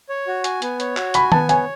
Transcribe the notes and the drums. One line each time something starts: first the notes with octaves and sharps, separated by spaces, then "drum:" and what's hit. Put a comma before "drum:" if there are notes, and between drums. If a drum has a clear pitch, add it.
C#5
F#4
G#5, drum: hi-hat
B3, drum: hi-hat
C#5, drum: hi-hat
F#4, drum: clap
G#5 B5, drum: hi-hat
B3 A5, drum: tom D#3
C#5 G#5, drum: hi-hat